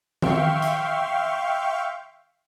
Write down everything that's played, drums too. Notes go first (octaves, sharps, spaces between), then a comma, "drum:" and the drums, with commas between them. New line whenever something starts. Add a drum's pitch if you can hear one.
E5 F5 G5 C6 C#6, drum: tom D#3
drum: hi-hat